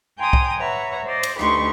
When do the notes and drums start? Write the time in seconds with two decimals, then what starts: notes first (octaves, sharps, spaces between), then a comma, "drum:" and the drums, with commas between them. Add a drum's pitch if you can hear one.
0.18 G5 G#5 A#5 C6 D#6
0.33 drum: kick C2
0.58 B4 C#5 E5 F#5 A#5
1.05 C5 D5 D#5
1.23 drum: cymbal
1.39 D2 D#4 G4 B4 C6 C#6, drum: rim click